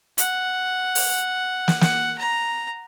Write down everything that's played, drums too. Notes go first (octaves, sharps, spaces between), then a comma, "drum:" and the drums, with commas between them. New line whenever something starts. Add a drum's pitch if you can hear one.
F#5, drum: hi-hat
drum: open hi-hat
drum: snare
F#5, drum: snare
A#5